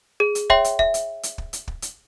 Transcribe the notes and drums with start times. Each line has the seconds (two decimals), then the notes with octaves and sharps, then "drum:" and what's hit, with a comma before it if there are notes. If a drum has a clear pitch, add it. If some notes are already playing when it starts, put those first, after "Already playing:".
0.20 G#4
0.35 drum: hi-hat
0.50 C#5 E5 G5 C6, drum: kick
0.64 drum: hi-hat
0.79 E5, drum: kick
0.94 drum: hi-hat
1.23 drum: hi-hat
1.38 drum: kick
1.53 drum: hi-hat
1.68 drum: kick
1.82 drum: hi-hat